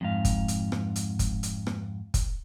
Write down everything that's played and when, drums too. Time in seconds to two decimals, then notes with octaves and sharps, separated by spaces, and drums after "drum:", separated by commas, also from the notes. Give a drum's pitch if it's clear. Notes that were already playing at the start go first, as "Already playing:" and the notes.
0.01 F2 G#2 F5
0.25 drum: kick, hi-hat
0.48 drum: hi-hat
0.72 drum: rim click
0.96 drum: hi-hat
1.19 drum: kick, hi-hat
1.43 drum: hi-hat
1.67 drum: rim click
2.14 drum: kick, hi-hat